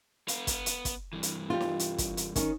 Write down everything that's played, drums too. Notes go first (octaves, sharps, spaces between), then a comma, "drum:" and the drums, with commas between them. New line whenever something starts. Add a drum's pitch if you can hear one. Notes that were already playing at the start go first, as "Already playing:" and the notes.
B3 F5, drum: hi-hat
drum: kick, hi-hat
drum: hi-hat
drum: kick, hi-hat
G2 E3
drum: hi-hat
G3 F4
drum: snare
drum: hi-hat
drum: kick, hi-hat
drum: hi-hat
D#3 C#4, drum: kick, hi-hat